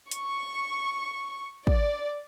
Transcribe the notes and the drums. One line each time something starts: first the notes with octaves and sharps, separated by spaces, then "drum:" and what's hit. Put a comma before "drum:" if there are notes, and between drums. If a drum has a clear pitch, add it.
C#6, drum: hi-hat
D5, drum: kick